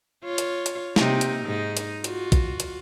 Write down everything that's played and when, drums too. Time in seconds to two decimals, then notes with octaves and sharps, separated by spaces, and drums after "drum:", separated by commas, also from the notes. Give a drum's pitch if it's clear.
0.24 F4 C#5
0.38 drum: hi-hat
0.66 drum: hi-hat
0.96 C3 A#3 D#4, drum: snare
1.21 drum: hi-hat
1.45 G#2 D#4
1.77 drum: hi-hat
2.04 F4 F#4, drum: hi-hat
2.32 drum: kick A#1, hi-hat
2.60 drum: hi-hat